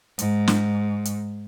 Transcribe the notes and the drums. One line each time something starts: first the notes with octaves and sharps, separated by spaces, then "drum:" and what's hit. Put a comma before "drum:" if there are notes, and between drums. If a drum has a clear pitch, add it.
G#2, drum: hi-hat
drum: snare
drum: hi-hat